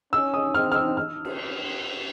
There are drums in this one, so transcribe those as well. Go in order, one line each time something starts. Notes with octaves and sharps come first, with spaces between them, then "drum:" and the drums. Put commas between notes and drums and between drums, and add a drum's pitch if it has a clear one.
C#4 E6
D#6
C4 F6
F6
E6
F6
drum: cymbal